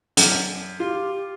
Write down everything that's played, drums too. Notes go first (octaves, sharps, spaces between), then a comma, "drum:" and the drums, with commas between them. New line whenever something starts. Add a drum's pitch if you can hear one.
F#2 D4, drum: hi-hat
F4 G4